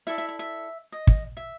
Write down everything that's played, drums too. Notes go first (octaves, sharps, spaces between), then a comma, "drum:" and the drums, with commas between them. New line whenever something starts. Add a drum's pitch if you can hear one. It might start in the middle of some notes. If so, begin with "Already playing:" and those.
E4 A4 D5 E5
E5
E5
E5
D#5
drum: kick
E5